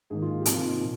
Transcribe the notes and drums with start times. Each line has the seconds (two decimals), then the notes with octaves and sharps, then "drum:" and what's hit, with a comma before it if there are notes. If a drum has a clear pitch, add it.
0.10 G#2 D#3 A#3 G#4
0.22 F4
0.41 G4
0.46 C3 F3 A#3 F4, drum: hi-hat
0.63 D#4
0.80 A#2